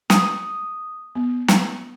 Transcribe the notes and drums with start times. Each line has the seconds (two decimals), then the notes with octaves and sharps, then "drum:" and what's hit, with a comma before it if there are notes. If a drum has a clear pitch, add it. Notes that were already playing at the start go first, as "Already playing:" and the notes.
0.10 D#6, drum: snare
1.15 B3
1.48 drum: snare